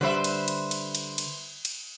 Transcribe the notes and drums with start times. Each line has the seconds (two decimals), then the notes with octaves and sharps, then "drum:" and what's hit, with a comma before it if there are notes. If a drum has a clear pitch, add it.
0.01 D3 G3 B4 C5 E5
0.24 drum: cymbal
0.48 drum: cymbal
0.71 drum: cymbal
0.95 drum: cymbal
1.18 drum: cymbal
1.65 drum: cymbal